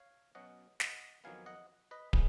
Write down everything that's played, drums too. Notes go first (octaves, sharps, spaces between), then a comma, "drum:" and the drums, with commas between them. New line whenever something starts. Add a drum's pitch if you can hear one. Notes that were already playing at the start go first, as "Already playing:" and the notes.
Already playing: C#5 F5
B2 F#3 C#4 D#5 F#5
D#5 F#5, drum: snare
F2 D#3 F#3 B3 F5 G#5
D#5 F#5
B4 D#5
F3 B3 D#4 G#4 B4, drum: kick